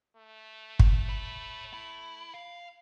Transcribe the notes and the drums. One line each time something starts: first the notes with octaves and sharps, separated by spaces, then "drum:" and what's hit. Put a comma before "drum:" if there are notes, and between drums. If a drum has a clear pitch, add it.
A3
drum: kick
C#5 B5
E4
F5